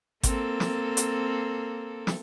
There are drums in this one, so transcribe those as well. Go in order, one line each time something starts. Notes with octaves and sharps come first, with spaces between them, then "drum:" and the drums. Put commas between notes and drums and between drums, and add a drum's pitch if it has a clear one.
A#3 C4 A4, drum: kick G#1, hi-hat
drum: snare
drum: hi-hat
drum: snare